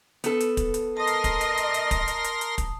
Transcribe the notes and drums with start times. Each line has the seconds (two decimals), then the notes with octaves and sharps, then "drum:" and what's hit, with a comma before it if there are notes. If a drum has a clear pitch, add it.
0.24 B3 A4, drum: hi-hat
0.40 drum: hi-hat
0.57 drum: kick, hi-hat
0.74 drum: hi-hat
0.97 A#4 D#5 A5 C6 D#6 A#6
1.07 drum: hi-hat
1.24 drum: kick, hi-hat
1.41 drum: hi-hat
1.57 drum: hi-hat
1.74 drum: hi-hat
1.91 drum: kick, hi-hat
2.08 drum: hi-hat
2.24 drum: hi-hat
2.41 drum: hi-hat
2.58 drum: kick, hi-hat